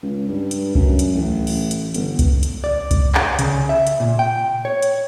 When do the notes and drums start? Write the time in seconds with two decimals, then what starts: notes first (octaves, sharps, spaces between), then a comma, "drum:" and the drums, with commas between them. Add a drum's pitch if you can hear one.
0.03 C#2
0.28 G2
0.51 drum: hi-hat
0.75 F#2, drum: kick C2
0.99 drum: hi-hat
1.15 A1
1.47 drum: open hi-hat
1.71 drum: hi-hat
1.94 G1, drum: hi-hat
2.19 drum: kick C2, hi-hat
2.43 drum: hi-hat
2.64 D5
2.91 drum: kick C2, hi-hat
3.15 drum: clap
3.39 C#3, drum: hi-hat
3.69 E5
3.87 drum: hi-hat
4.00 A#2
4.19 G5
4.65 C#5
4.82 drum: hi-hat